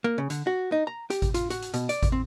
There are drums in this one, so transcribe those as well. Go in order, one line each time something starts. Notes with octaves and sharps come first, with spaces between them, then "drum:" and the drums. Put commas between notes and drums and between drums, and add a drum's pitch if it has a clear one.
A#3
C#3
D3, drum: hi-hat
F#4
D#4
A#5
G4, drum: hi-hat
drum: kick G#1, hi-hat
F4, drum: hi-hat
F#4, drum: hi-hat
drum: hi-hat
B2, drum: hi-hat
D5, drum: hi-hat
drum: kick G#1, hi-hat
C4